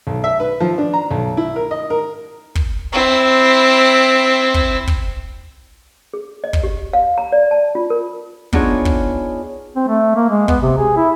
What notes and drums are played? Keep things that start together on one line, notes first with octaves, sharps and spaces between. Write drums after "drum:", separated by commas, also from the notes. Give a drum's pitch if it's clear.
B1
E5
B4
F3
D4
A#5
B1
E4
A#4
D#5
A#4
drum: kick
C4 E4
drum: kick
drum: kick
G#4
D#5
drum: kick
G4
F5
A#5
D5
A5
F4
A#4
B3 D4 D#4 F4 G#4 C#5, drum: kick
drum: kick
C4
A3
A#3
G#3
B3, drum: kick
C3
G#4
E4